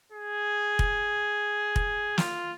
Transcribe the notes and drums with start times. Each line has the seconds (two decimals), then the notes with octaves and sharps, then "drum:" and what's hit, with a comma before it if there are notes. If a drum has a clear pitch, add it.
0.12 G#4
0.79 drum: kick
1.76 drum: kick
2.18 F4, drum: snare